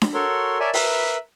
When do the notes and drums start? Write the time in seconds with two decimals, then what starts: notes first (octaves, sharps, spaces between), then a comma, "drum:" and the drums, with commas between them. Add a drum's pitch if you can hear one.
0.02 drum: snare D4
0.14 F#4 A4 A#4 C#5 C6
0.60 A#4 C#5 D5 E5 G#5 A5
0.74 A#4 B4 E5 B5, drum: open hi-hat